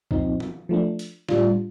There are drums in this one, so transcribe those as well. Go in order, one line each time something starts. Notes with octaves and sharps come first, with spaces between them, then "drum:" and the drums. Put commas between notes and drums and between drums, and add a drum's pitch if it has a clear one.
A#2 F3 C4 D#4, drum: kick
drum: tom E3
F3 A3 D4
drum: hi-hat
A2 G3 D4 F4, drum: snare